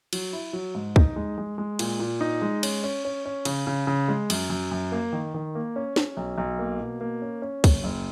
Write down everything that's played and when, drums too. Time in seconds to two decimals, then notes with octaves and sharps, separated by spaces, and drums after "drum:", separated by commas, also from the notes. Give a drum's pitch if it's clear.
0.13 F#3, drum: cymbal
0.33 E4
0.53 F#3
0.75 G#2
0.96 D#4, drum: kick
1.16 G#3
1.38 G#3
1.58 G#3
1.79 A#2, drum: cymbal
1.99 A#2
2.21 D#4
2.42 G#3
2.63 C#4, drum: cymbal
2.84 C#4
3.05 C#4
3.26 C#4
3.45 C#3, drum: cymbal
3.67 C#3
3.87 C#3
4.08 G#3
4.30 F#2, drum: cymbal
4.50 F#2
4.71 F#2
4.92 A#3
5.13 D#3
5.34 D#3
5.55 A#3
5.76 C#4
5.96 C#4, drum: snare
6.17 B1
6.38 B1
6.59 A#3
6.80 B2
7.01 A#3
7.22 C#4
7.42 C#4
7.64 F#1, drum: kick, cymbal
7.84 F#1